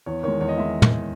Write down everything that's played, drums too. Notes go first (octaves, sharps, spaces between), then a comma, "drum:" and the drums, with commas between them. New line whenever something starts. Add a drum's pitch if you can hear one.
E2 C#5
D#3 G#3 C#5
E2 C#5
D#5
D#3 G#3 E5
drum: tom